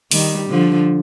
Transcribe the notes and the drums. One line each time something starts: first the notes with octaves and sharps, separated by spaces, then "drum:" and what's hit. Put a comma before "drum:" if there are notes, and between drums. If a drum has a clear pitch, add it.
D#3 G3, drum: open hi-hat
D3 F3